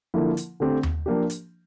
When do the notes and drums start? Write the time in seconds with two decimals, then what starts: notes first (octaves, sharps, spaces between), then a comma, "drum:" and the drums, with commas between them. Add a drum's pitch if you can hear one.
0.14 D3 F3 A#3 E4
0.37 drum: hi-hat
0.60 D3 A3 C4 G4
0.83 drum: tom D#2
1.06 F3 A#3 D4 G4
1.30 drum: hi-hat